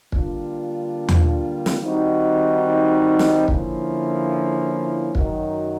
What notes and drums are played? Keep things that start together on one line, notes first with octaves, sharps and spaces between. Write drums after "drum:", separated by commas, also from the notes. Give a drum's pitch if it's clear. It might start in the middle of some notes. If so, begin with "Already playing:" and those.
D3 G3 A#3 D4 F4, drum: kick
drum: tom D#2
drum: snare
D#3 G3 C4 D#4 F#4
drum: snare
D3 F3 A#3 C#4 E4, drum: kick
F#2 D#3 F#3, drum: kick